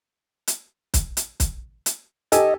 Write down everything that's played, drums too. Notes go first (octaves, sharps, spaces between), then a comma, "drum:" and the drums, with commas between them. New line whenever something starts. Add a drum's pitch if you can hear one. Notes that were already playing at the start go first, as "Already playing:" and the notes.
drum: hi-hat
drum: kick, hi-hat
drum: hi-hat
drum: kick, hi-hat
drum: hi-hat
G4 A4 D#5 G#5, drum: hi-hat